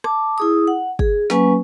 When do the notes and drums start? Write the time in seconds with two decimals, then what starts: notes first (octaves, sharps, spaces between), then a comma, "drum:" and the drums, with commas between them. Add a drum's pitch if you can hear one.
0.04 A5 D6, drum: rim click
0.38 E4 G#4 D#6
0.68 F#5
0.99 G#4, drum: kick
1.30 F#3 A#3 C#4 B4 G#5 C#6, drum: snare